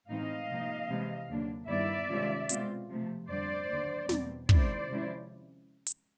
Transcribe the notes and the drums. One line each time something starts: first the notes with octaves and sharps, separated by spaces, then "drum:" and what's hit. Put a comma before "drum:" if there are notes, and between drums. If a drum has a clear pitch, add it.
A2 E3 G#3 C4 D#4 D#5 F5
C3 F3 A#3 D#4
C3 E3 G#3
D#2 D3 F#3 A#3 D4
G2 D#3 G3 B3 E4 D5 E5
C3 D#3 G#3 C#4 F4
B2 G#3 C4 F4, drum: hi-hat
C3 F3 A3
F2 D3 G3 C5 D5
D#2 D3 F#3
E2 B2 G3 C4, drum: snare
C3 D#3 G#3 C#4 E4 C5 D5, drum: kick
C3 F3 G#3 C#4 E4
drum: hi-hat